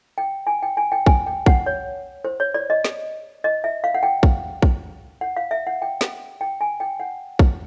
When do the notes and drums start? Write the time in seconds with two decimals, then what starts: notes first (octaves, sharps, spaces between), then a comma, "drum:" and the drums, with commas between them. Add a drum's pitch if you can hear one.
0.18 G5
0.47 G#5
0.62 G5
0.77 G#5
0.92 G5
1.06 G#5, drum: kick A#1
1.26 G5
1.46 F#5, drum: kick A#1
1.66 C#5
2.25 C5
2.40 C#5
2.54 D5
2.70 D#5
2.84 drum: snare
3.44 D#5
3.64 E5
3.84 F5
3.95 F#5
4.03 G5
4.23 drum: kick A#1
4.62 drum: kick A#1
5.21 F#5
5.37 F5
5.51 E5
5.67 F#5
5.82 G5
6.01 drum: snare
6.41 G5
6.61 G#5
6.80 G5
7.00 F#5
7.39 drum: kick A#1